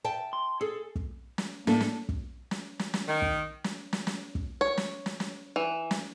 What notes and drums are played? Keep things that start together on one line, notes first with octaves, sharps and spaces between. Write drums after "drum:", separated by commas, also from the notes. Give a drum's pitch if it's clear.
E5 G5 A5
C6
G#4 A4
drum: kick
drum: snare
A2 A#3 D4 A4, drum: snare
drum: snare
drum: kick
drum: snare
drum: snare
drum: snare
D#3
drum: kick
drum: snare
drum: snare
drum: snare
drum: kick
C#5
drum: snare
drum: snare
drum: snare
E3
drum: snare